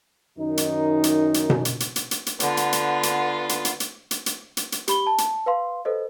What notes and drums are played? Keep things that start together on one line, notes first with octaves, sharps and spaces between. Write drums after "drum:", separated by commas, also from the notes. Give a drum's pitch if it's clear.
F#2 D#3 D#4
drum: hi-hat
drum: hi-hat
drum: hi-hat
drum: tom B2
drum: hi-hat
drum: hi-hat
drum: hi-hat
drum: hi-hat
drum: hi-hat
D3 B3 F4, drum: hi-hat
drum: hi-hat
drum: hi-hat
drum: hi-hat
drum: hi-hat
drum: hi-hat
drum: hi-hat
drum: hi-hat
drum: hi-hat
drum: hi-hat
drum: hi-hat
G4 B5 G7, drum: hi-hat
A5
drum: hi-hat
B4 F5 C6
A4 B4 C5 D#5